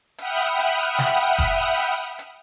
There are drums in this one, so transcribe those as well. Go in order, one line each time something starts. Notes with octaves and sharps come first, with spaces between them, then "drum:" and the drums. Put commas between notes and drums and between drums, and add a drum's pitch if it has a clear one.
E5 F#5 G5 B5 D#6 F6, drum: hi-hat
drum: hi-hat
drum: snare
drum: kick F1, hi-hat
drum: hi-hat
drum: hi-hat